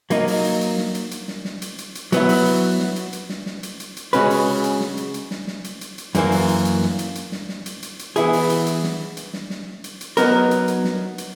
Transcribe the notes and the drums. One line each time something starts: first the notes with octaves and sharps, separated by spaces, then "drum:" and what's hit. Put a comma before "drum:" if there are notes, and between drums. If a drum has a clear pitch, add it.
F#3 A#3 D#4, drum: hi-hat
drum: open hi-hat
drum: hi-hat
drum: hi-hat
drum: snare
drum: hi-hat
drum: hi-hat
drum: snare
drum: snare
drum: hi-hat
drum: hi-hat
drum: hi-hat
F#3 B3 E4, drum: hi-hat
drum: open hi-hat
drum: hi-hat
drum: snare
drum: hi-hat
drum: hi-hat
drum: snare
drum: snare
drum: hi-hat
drum: hi-hat
drum: hi-hat
C#3 G#3 C#4 F#4 B4, drum: hi-hat
drum: open hi-hat
drum: hi-hat
drum: snare
drum: hi-hat
drum: hi-hat
drum: snare
drum: snare
drum: hi-hat
drum: hi-hat
drum: hi-hat
F#2 E3 A#3, drum: hi-hat
drum: open hi-hat
drum: hi-hat
drum: hi-hat
drum: snare
drum: hi-hat
drum: hi-hat
drum: snare
drum: snare
drum: hi-hat
drum: hi-hat
drum: hi-hat
E3 B3 E4 G#4, drum: hi-hat
drum: open hi-hat
drum: hi-hat
drum: hi-hat
drum: snare
drum: hi-hat
drum: snare
drum: snare
drum: hi-hat
drum: hi-hat
F#3 B3 D#4 A#4, drum: hi-hat
drum: hi-hat
drum: hi-hat
drum: snare
drum: hi-hat